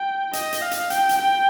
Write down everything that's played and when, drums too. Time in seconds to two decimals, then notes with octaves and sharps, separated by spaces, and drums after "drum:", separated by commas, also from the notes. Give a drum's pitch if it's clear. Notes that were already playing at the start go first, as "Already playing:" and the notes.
Already playing: G5
0.33 D#5, drum: hi-hat
0.53 drum: hi-hat
0.62 F5
0.71 drum: hi-hat
0.90 G5, drum: hi-hat
1.09 drum: hi-hat
1.18 G5